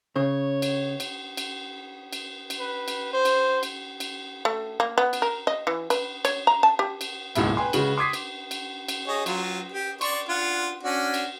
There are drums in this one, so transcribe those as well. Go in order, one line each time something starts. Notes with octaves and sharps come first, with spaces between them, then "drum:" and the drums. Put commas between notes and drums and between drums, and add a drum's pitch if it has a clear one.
C#3 C#5
drum: cymbal
drum: cymbal
drum: cymbal
drum: cymbal
drum: cymbal
B4
drum: cymbal
C5
drum: cymbal
drum: cymbal
drum: cymbal
A3
A#3
B3
drum: cymbal
A#4
D#5
E3
B4, drum: cymbal
C#5, drum: cymbal
A#5
A5
G4
drum: cymbal
D#1 G#1 C#2 G#2 B2 E4, drum: cymbal
B4 G5 G#5 C6
C#3 G#3 F#4 B4 F#7, drum: cymbal
C6 D6 D#6 G#6 B6 C7
drum: cymbal
drum: cymbal
drum: cymbal
G#4 C#5 D#5
F#3 F4, drum: cymbal
G4
D5 C6 C#6, drum: cymbal
D4 F4 F#5
C#4 D4 F#4
drum: cymbal